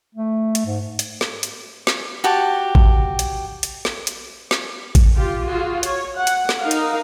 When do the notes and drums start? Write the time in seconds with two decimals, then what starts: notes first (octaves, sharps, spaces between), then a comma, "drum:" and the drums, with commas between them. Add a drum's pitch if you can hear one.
0.15 A3
0.55 drum: hi-hat
0.66 G#2
0.99 drum: hi-hat
1.21 drum: snare
1.43 drum: hi-hat
1.87 drum: snare
2.24 F#4 G4 A5
2.75 drum: kick
3.19 drum: hi-hat
3.63 drum: hi-hat
3.85 drum: snare
4.07 drum: hi-hat
4.51 drum: snare
4.95 drum: kick, hi-hat
5.16 F4 G4
5.46 F4 F#4 G#4
5.83 C#5, drum: hi-hat
6.16 F#5
6.27 drum: hi-hat
6.49 drum: snare
6.61 D#4 A#4 F5
6.71 drum: hi-hat